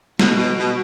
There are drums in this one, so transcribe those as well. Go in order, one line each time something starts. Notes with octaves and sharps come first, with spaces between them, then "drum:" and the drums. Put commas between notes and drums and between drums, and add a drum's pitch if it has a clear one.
B2, drum: snare G#3
B2
B2